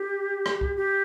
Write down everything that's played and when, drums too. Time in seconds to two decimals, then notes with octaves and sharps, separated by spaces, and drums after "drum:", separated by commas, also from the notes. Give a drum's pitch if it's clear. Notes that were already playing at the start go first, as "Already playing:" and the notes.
Already playing: G4
0.46 drum: rim click
0.61 drum: kick
0.76 G4